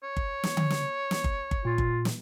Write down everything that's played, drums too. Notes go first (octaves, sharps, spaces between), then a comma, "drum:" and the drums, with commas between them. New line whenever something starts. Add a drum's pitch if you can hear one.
C#5
drum: kick G1
drum: snare
drum: tom D3
drum: snare
drum: snare
drum: kick G1
drum: kick G1
A#2 F4
drum: kick G1
drum: snare